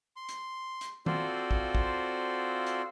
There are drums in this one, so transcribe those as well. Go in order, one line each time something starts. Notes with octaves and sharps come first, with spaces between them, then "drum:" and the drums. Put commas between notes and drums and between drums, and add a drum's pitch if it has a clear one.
C6
drum: hi-hat
drum: hi-hat
C4 F4 F#4 A4 C5 D5, drum: tom
drum: kick
drum: kick
drum: hi-hat